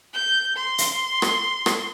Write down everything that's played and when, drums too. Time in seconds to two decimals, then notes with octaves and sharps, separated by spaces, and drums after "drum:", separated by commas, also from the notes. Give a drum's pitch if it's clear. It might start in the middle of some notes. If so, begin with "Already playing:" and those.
0.13 G6
0.56 C6
0.78 drum: hi-hat
1.22 drum: rim click
1.66 drum: rim click